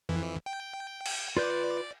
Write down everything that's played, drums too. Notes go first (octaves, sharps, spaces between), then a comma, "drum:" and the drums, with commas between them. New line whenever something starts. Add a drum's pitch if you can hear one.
F2 E3
G5
drum: cymbal
F4 B4 D5 G6